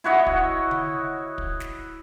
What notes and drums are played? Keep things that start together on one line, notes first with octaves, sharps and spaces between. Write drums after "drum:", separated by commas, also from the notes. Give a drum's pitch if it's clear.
E4 F#4 C#5 D#5
drum: kick
drum: tom D3
drum: kick
drum: snare